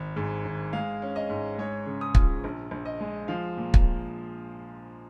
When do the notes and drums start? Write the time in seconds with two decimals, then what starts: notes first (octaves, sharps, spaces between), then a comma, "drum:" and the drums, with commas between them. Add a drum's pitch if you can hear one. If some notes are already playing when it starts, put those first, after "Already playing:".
Already playing: G#1
0.16 G#2
0.45 G#1
0.73 G#3 F5
1.02 C#4
1.16 D#5
1.30 G#2
1.58 G#3 C#5
1.86 C#3
2.01 D#6
2.15 F4, drum: kick
2.44 A#1
2.71 A#1
2.85 D#5
3.00 G#3
3.28 F3 F5
3.57 A#2
3.74 drum: kick